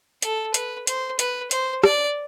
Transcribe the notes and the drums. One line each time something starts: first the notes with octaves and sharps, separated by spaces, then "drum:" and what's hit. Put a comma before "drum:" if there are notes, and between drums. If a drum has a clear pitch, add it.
A4, drum: hi-hat
B4, drum: hi-hat
C5, drum: hi-hat
B4, drum: hi-hat
C5, drum: hi-hat
D5, drum: rim click